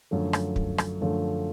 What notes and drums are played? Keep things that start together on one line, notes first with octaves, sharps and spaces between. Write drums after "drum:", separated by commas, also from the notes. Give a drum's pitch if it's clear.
F#2 D3 F3 A3
drum: rim click
drum: kick
drum: rim click
F#2 D3 F3 A3